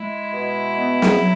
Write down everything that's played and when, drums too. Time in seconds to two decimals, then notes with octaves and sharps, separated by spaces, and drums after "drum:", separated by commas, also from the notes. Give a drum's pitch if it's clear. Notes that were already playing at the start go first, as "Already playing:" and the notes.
Already playing: G#3 E4
0.33 B2
0.75 B3
1.02 drum: snare
1.16 F#3